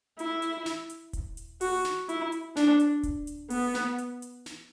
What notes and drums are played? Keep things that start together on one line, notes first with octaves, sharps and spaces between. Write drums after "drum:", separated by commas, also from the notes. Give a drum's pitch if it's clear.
E4, drum: hi-hat
drum: hi-hat
drum: snare
drum: hi-hat
drum: kick D#1, hi-hat
drum: hi-hat
F#4, drum: open hi-hat
drum: snare
E4, drum: hi-hat
drum: hi-hat
D4, drum: snare
drum: hi-hat
drum: kick D#1, hi-hat
drum: hi-hat
B3, drum: open hi-hat
drum: snare
drum: hi-hat
drum: hi-hat
drum: snare